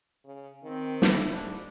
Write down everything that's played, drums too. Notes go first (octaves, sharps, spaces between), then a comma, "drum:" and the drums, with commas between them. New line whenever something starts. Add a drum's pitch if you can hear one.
C#3
D#3 C4
E4, drum: snare
G#2 D4